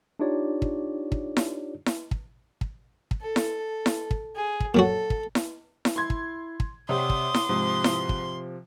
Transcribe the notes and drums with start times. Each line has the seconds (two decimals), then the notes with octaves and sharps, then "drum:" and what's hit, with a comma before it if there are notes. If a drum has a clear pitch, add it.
0.19 D4 D#4 F4 G4 C#5 D5
0.62 drum: kick
1.12 drum: kick
1.37 drum: snare E4
1.86 drum: snare E4
2.11 drum: kick
2.61 drum: kick
3.11 drum: kick
3.21 A4
3.36 drum: snare E4
3.86 drum: snare E4
4.11 drum: kick
4.36 G#4
4.60 drum: kick
4.75 A#2 F#3 F#4 A4
5.10 drum: kick
5.35 drum: snare E4
5.85 drum: snare E4
5.96 E4 C6 G#6
6.10 drum: kick
6.60 drum: kick
6.89 C3 G4 C#5 D5 F#5 C6 D6 D#6
7.10 drum: kick
7.34 drum: snare E4
7.49 G#2 C3 F3
7.84 drum: snare E4
8.09 drum: kick